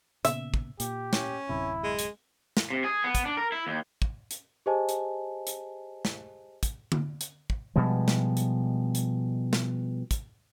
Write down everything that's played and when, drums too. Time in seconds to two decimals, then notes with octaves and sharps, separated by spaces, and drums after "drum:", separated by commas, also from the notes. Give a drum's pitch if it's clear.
0.25 A#2 C#3 B3 E5, drum: hi-hat
0.54 drum: kick
0.80 A#2 G4, drum: hi-hat
1.13 C#4, drum: snare
1.49 D1 F#2 C3 E4
1.84 G#3
1.99 drum: hi-hat
2.57 drum: snare
2.70 C3
2.84 G#4
3.04 B3
3.15 drum: kick, hi-hat
3.25 D4
3.37 A#4
3.52 E4
3.67 D#2
4.02 drum: kick
4.31 drum: hi-hat
4.66 G4 G#4 C5 D#5 G#5 A5
4.89 drum: hi-hat
5.47 drum: hi-hat
6.05 drum: snare
6.63 drum: kick, hi-hat
6.92 drum: tom D3
7.21 drum: hi-hat
7.50 drum: kick
7.76 B2 F3 G3 G#3
8.08 drum: snare
8.37 drum: hi-hat
8.95 drum: hi-hat
9.53 drum: snare
10.11 drum: kick, hi-hat